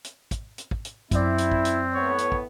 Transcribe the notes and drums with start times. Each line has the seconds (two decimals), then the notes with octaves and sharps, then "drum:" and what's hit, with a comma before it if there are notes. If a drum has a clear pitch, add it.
0.04 drum: hi-hat
0.31 drum: kick, hi-hat
0.58 drum: hi-hat
0.71 drum: kick
0.85 drum: hi-hat
1.11 F#2 C4 E4 D5, drum: kick, hi-hat
1.38 drum: hi-hat
1.52 drum: kick
1.65 drum: hi-hat
1.95 A2 B3 C#5
2.18 drum: hi-hat
2.32 drum: kick